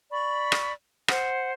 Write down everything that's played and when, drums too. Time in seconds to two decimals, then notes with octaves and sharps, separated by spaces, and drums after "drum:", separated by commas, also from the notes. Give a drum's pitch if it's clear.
0.12 D5 B5 C#6
0.52 drum: rim click
1.08 C5 F#5, drum: rim click